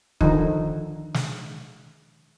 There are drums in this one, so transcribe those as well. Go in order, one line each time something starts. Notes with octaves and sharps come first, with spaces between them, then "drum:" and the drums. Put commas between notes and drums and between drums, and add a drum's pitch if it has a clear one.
D3 D#3 F3 D#4, drum: kick
drum: snare